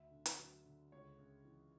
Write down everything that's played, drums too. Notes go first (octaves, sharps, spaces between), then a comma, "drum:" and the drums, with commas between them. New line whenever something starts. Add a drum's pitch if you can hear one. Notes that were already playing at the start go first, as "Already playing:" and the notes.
Already playing: D2 E5
D3
drum: hi-hat
F#3
D3
C#2 C#5
C#3
E3